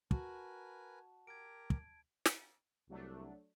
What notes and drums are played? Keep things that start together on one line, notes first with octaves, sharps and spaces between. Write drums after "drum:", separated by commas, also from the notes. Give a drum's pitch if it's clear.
F#4 A#4 B4 G#5 A5, drum: kick
G4 A#4 G#6 D7
drum: kick
drum: snare
C2 F#3 A3 D4